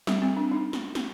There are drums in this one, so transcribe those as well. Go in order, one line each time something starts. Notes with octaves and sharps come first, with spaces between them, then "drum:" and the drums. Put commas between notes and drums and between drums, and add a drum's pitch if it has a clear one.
G3, drum: snare
C4
D4
D#4
drum: snare
drum: snare